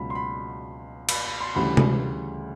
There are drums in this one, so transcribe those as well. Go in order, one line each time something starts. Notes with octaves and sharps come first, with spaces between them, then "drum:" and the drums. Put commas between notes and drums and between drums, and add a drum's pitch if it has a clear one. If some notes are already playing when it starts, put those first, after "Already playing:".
Already playing: C#2 B2 F#3 B5
C6
B5
B5, drum: cymbal
B5
C6
D2 C#3 E3 G3 B5
drum: tom C3